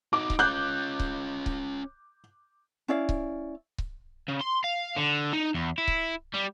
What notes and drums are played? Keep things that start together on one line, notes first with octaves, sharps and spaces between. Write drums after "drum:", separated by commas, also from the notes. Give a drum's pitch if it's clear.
D#4 F#4 D6
drum: kick C#1
C#4 F4 F#6 G6
drum: kick C#1
drum: kick C#1
C#4 E4 D5 F5
drum: kick C#1
drum: kick C#1
C#3
C6
F5
D3
D#4
E2
E4
drum: kick C#1
G3